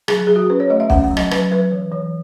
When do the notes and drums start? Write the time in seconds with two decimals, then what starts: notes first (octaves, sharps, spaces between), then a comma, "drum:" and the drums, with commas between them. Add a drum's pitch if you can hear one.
0.08 F#3 G#4, drum: rim click
0.27 F#3 G#4
0.36 F#4
0.50 C#4 B4
0.60 C#5
0.70 A3 D#5
0.80 E5
0.90 C#4 F#5, drum: kick
1.04 F#5
1.11 F#3
1.17 D#5, drum: rim click
1.31 F#3 B4, drum: rim click
1.52 F#3 B4
1.72 E3
1.92 E3